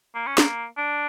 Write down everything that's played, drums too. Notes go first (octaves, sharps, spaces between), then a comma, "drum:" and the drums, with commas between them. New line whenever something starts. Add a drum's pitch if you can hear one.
A#3
C#4
A#3, drum: snare
D4